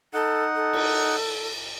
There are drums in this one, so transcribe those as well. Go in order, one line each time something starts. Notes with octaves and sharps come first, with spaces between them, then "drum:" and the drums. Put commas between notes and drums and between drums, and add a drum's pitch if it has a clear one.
D#4 A4 F#5
A4
drum: cymbal